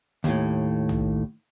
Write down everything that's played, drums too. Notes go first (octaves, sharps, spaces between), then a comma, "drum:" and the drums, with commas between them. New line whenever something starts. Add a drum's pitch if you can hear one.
D#2 A2, drum: hi-hat
drum: tom B1